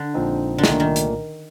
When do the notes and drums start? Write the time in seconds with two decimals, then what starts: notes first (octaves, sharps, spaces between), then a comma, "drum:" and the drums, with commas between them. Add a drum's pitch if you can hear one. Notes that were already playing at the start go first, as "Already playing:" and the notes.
Already playing: D3
0.14 A#1 A#2 F3 C4 D#4
0.58 D3
0.64 C2 A#2 D#3 A3, drum: snare
0.80 D#3
0.96 drum: hi-hat